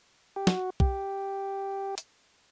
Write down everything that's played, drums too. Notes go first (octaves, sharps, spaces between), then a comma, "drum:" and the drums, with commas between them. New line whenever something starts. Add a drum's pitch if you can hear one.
G4
F#4, drum: snare
G4, drum: kick B1
drum: hi-hat